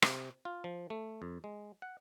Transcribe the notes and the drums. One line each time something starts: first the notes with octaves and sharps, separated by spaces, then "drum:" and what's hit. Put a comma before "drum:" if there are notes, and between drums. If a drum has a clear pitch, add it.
C3, drum: rim click
F4
F3
A3
F2
G#3
F#5